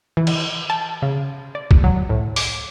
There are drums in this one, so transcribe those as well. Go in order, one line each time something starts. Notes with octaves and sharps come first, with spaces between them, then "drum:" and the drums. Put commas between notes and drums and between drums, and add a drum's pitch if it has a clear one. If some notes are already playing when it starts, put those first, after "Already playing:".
E3
drum: cymbal
A5
C#3
D5
drum: kick
F#3
A2
D6, drum: open hi-hat